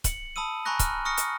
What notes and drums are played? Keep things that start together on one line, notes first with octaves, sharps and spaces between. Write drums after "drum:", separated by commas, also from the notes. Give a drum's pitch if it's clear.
C#7 F#7, drum: kick, hi-hat
A5 B5 D#6 E6 D#7
G#5 A#5 B5 C#6 F#6 A#6
F6, drum: kick, hi-hat
C#6 D#6 F6 A#6 C#7
drum: hi-hat